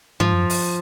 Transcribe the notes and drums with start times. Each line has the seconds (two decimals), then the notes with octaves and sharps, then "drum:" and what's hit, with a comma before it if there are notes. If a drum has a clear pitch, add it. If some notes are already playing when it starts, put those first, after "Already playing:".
0.20 G#2 F3
0.33 F#2
0.50 drum: open hi-hat